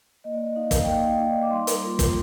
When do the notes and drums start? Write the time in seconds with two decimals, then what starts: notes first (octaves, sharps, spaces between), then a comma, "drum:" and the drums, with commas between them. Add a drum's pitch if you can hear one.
0.24 A#3 D#5
0.34 D5
0.43 D#5
0.56 D#4 F5
0.63 D#5
0.71 F5, drum: kick, hi-hat
0.83 G5
0.88 A#3 F5
1.09 D#5
1.20 D#4
1.30 D5
1.43 D6
1.51 G3 C6
1.67 drum: hi-hat
1.83 A#3 F4
1.99 drum: kick, hi-hat